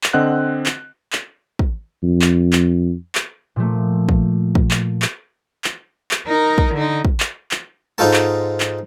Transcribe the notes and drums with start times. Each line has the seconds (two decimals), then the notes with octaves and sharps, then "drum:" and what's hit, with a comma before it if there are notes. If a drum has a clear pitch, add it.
0.04 drum: clap
0.13 D3 C4 D#5 F#5 F#6
0.66 drum: clap
1.13 drum: clap
1.59 drum: kick
2.03 F2
2.22 drum: clap
2.53 drum: clap
3.15 drum: clap
3.56 A#2 F3 A3
4.09 drum: kick
4.55 drum: kick
4.71 drum: clap
5.02 drum: clap
5.64 drum: clap
6.11 drum: clap
6.27 D#4 A#4
6.58 drum: kick
6.74 D3 D#4
7.05 drum: kick
7.20 drum: clap
7.51 drum: clap
7.98 G#2 D#4 F4 A4 A5
8.14 drum: clap
8.60 drum: clap